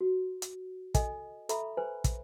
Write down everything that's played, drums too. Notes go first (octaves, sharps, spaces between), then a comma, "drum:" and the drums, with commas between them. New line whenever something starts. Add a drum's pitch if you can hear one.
F#4
drum: hi-hat
A4 D#5 G#5, drum: kick, hi-hat
A4 E5 A#5 B5 C#6, drum: hi-hat
B4 C5 G#5
drum: kick, hi-hat